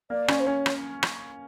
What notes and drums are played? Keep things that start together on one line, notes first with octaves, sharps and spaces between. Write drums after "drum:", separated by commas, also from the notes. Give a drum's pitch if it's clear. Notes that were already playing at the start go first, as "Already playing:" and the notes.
A#3 D5
C#4, drum: rim click
C5
C#4 C#5
drum: rim click
drum: rim click